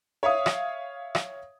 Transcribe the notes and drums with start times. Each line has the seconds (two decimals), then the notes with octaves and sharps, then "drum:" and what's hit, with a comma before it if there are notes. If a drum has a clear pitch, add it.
0.23 C#5 E5 F5 D#6
0.46 drum: rim click
1.15 drum: rim click